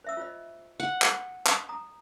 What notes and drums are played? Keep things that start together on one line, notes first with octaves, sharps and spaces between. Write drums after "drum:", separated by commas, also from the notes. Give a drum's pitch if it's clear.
C5 E5 E6
F4 C5 D#5
F#5
drum: clap
drum: clap
A#5 D#6